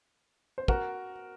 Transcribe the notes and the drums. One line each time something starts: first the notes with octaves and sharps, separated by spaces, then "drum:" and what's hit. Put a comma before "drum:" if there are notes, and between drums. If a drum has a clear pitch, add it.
C5
F#4 A#4, drum: kick